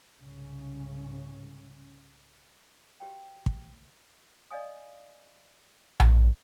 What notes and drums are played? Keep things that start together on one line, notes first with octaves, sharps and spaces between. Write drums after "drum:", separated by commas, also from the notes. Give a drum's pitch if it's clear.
C2 G#2 C#3 C#4
F#4 G4 B4 C#5 F5 G5
drum: kick
D5 D#5 F5 G#5 D#6
drum: tom A#1